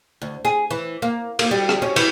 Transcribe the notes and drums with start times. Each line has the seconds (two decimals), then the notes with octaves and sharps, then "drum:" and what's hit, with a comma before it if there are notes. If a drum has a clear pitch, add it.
0.22 D2
0.45 G#4
0.71 E3
1.02 A#3
1.39 A#3, drum: cymbal
1.51 G3
1.69 drum: rim click
1.82 C#4
1.96 E3, drum: cymbal